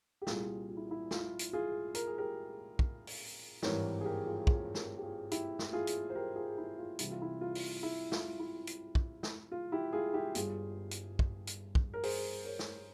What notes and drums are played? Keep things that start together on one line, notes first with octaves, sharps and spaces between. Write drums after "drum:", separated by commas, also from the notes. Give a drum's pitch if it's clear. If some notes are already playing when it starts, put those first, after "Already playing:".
G4
C2 A#2 G3 F4 G#4, drum: snare
F4
E4
E4
F4, drum: snare
drum: hi-hat
F4 G#4
A#4, drum: hi-hat
G#4
G4 A#4
drum: kick
drum: open hi-hat
G#1 G2 E3 G3 A#4 C#5, drum: snare
G#4
G4 A#4
F4 G#4
F4 G#4, drum: kick
G4 A#4, drum: snare
G4
F4 G#4
E4 G4, drum: hi-hat
drum: snare
F4 G#4
drum: hi-hat
C5
G4 A#4
F4 G#4
E4 G4
F4
C2 C3 E3 G3 E4, drum: hi-hat
F4
E4
F4
drum: open hi-hat
E4
F4, drum: snare
E4
drum: hi-hat
drum: kick
drum: snare
F4
E4 G4
F4 G#4
E4 G4
G1 G2 G3 F4 G#4, drum: hi-hat
drum: hi-hat
drum: kick
drum: hi-hat
drum: kick
A#4
G#4 C5, drum: open hi-hat
A#4 C#5
drum: snare